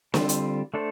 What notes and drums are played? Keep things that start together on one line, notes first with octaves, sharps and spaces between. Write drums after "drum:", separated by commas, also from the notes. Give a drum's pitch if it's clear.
D3 G3 C4 F4, drum: snare
drum: hi-hat
A3 D4 A4 C5